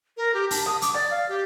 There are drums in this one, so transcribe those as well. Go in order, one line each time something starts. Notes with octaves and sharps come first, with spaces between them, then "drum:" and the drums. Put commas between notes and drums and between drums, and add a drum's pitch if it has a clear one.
A#4
G4
A5, drum: open hi-hat
D#6, drum: rim click
D6, drum: hi-hat
D5, drum: rim click
F5
G4